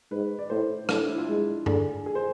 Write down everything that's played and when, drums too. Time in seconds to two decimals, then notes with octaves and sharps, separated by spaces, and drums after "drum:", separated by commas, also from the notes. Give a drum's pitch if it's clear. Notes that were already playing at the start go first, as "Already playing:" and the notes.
0.11 G#2 B4
0.39 D5
0.50 A2 C5
0.89 A2 D4, drum: rim click
1.08 E4
1.18 F4
1.28 G#3
1.66 D3 G#4, drum: tom G2
2.06 G#4
2.15 C5